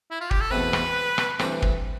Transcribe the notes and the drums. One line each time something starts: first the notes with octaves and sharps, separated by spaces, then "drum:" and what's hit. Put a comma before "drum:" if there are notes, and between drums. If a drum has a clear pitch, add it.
E4
F4
G4, drum: kick
A4
E2 B2 A3 C4 B4
drum: rim click
drum: rim click
G2 E3 A3 C4 G4, drum: rim click
drum: kick